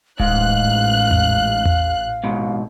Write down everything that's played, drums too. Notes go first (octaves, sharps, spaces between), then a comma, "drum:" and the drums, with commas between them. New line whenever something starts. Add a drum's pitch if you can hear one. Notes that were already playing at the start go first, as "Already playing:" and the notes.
A1 G#2 F5 F#6, drum: kick D1
drum: tom E2
drum: tom E2
G#2 B2